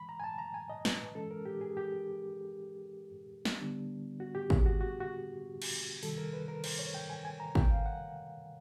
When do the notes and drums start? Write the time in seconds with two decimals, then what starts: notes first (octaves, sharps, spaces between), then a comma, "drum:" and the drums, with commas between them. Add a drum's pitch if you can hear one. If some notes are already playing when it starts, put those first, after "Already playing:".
Already playing: E3 G#3 B5
0.09 A#5
0.20 G#5
0.24 A5
0.38 A#5
0.54 G#5
0.69 D#5
0.85 B4, drum: snare
1.15 E3 G#3 C#4 A4
1.31 A#4
1.45 G4
1.61 G#4
1.77 G4
3.45 drum: snare
3.59 D3 G3 B3 D4
4.20 F#4
4.35 G4
4.50 G#4, drum: kick
4.66 F#4
4.81 F#4
5.00 F#4
5.62 drum: cymbal
6.03 C3 D#3 G3 A4, drum: open hi-hat
6.18 A#4
6.33 B4
6.48 A#4
6.64 C5, drum: cymbal
6.79 C#5
6.94 G5
7.10 G#5
7.25 G#5
7.40 A#5
7.55 G5, drum: kick
7.71 F5
7.86 F#5